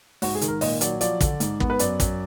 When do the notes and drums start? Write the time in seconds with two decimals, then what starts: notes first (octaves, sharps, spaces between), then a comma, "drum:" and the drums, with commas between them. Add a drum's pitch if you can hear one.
0.22 G#2 F#4, drum: open hi-hat
0.35 G#4
0.41 D#3, drum: hi-hat
0.48 A#4
0.61 A#2 D#5, drum: open hi-hat
0.81 F#3 D5, drum: hi-hat
1.01 F3 D5, drum: hi-hat
1.21 D3, drum: kick, hi-hat
1.40 G#2, drum: hi-hat
1.60 B3, drum: kick
1.70 B4
1.79 F#2 D5, drum: hi-hat
2.00 F#2, drum: kick, hi-hat